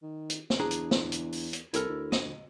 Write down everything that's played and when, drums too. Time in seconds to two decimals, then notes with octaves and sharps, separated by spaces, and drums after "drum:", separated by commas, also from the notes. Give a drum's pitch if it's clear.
0.02 D#3
0.30 drum: hi-hat
0.50 drum: snare
0.60 E2 D4 G#4 A#5
0.71 drum: hi-hat
0.91 drum: snare
1.12 drum: hi-hat
1.32 drum: open hi-hat
1.53 drum: hi-hat
1.74 C2 E4 A4 A#4, drum: hi-hat
1.89 D2
2.12 D#5, drum: snare